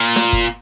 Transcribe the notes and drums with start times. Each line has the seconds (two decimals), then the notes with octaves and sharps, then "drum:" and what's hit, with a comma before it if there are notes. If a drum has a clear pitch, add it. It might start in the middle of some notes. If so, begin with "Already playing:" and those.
Already playing: A#2
0.16 drum: snare
0.33 drum: kick